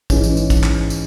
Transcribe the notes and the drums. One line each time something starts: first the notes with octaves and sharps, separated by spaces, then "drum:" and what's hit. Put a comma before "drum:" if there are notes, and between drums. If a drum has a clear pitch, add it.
G#2 E3 G#3 C#4, drum: kick, tambourine
drum: tambourine
drum: tambourine
drum: kick, tambourine
drum: clap
drum: tambourine